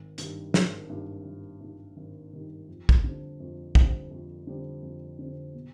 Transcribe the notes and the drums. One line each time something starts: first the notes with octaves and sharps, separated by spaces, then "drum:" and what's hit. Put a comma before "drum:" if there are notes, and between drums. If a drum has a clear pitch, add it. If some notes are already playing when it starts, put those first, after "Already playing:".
Already playing: G#1
G2 D#3 G3, drum: hi-hat
G#1, drum: snare
G2 D#3 G3
G#1
G2 D#3 G3
G#1
G2 D#3 G3
F2
drum: kick
D3 G3 C4
F2
D3 G3 C4, drum: kick
F2
D3 G3 C4
F2
D3 G3 C4
B2